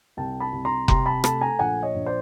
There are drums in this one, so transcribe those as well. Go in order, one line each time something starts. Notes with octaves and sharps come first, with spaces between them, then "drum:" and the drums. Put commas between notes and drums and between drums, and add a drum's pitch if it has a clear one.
C2 G5 A5
A5 B5
C2
A#5 C6
C3 A#5 C6, drum: kick F1
A5 B5
A3 A5 B5, drum: rim click
G#5 A#5
A#1 F#5 G#5
C#5 D#5
A#1
C5 D5